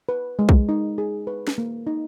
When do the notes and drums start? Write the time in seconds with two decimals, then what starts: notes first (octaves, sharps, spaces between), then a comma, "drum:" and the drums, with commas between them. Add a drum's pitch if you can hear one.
0.09 B4
0.39 G#3
0.49 drum: kick
0.69 D#4
0.98 G#4
1.27 B4
1.47 drum: snare
1.58 A#3
1.87 D#4